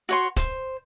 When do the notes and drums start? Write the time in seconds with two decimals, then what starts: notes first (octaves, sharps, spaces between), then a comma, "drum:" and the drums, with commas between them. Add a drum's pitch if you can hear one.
0.09 F#4 C#5 C6
0.36 C5, drum: kick, hi-hat